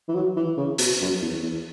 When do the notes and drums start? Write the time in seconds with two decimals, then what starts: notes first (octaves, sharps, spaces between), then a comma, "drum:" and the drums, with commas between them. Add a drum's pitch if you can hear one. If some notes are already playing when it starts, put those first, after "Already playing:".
0.08 E3
0.15 F#3
0.36 E3
0.57 C#3
0.78 B2, drum: hi-hat
1.01 F#2
1.22 E2
1.42 E2